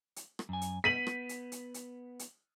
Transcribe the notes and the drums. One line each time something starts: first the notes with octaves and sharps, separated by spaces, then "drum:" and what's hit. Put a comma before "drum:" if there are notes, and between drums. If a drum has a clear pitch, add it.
drum: hi-hat
drum: rim click
F#2 G#5
drum: hi-hat
B3 B6 D#7 F#7
drum: rim click
drum: hi-hat
drum: hi-hat
drum: hi-hat
drum: hi-hat